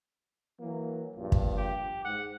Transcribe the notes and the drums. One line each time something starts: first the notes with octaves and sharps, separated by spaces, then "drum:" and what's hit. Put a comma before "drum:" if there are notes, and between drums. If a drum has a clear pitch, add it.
E3 F#3 A#3
A#1 G2 F4
drum: kick
G4
G#2 F#5